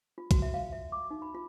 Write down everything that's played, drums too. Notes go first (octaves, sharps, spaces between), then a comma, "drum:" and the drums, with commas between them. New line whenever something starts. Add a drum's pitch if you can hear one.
F4
F#4, drum: kick, hi-hat
E5
F5
E5
D6
D#4
B5
F4